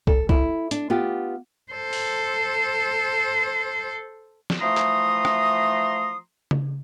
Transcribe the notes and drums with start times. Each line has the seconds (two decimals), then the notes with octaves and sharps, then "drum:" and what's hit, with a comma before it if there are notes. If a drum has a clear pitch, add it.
0.07 A4, drum: kick
0.29 E4, drum: kick
0.71 D4, drum: hi-hat
0.90 B3 F4 G4
1.73 A4 C5
1.93 drum: open hi-hat
4.50 drum: snare
4.61 E3 F3 A3 A#5 C6 D#6
4.77 drum: clap
5.25 drum: rim click
6.51 drum: tom C#3